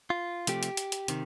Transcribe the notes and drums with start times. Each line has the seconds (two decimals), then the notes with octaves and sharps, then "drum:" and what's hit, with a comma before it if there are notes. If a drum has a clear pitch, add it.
0.10 F4
0.47 C3 F3 A3 G4, drum: hi-hat
0.63 drum: hi-hat
0.77 drum: hi-hat
0.92 drum: hi-hat
1.08 C3 D#3, drum: hi-hat